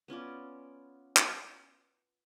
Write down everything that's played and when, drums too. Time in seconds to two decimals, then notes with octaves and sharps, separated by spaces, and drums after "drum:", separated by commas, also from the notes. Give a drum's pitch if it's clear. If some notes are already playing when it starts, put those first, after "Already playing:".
0.08 B3 C#4 F4 D5
1.17 drum: clap